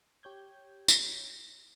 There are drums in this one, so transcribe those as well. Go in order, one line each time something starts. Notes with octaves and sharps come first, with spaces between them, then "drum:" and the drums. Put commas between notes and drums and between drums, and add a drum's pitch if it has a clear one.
G4 C#5 G6 G#6
drum: tambourine